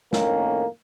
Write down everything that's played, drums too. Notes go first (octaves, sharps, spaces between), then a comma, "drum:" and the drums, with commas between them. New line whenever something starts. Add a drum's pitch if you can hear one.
F2 A2 D#3 A#3 C#4, drum: snare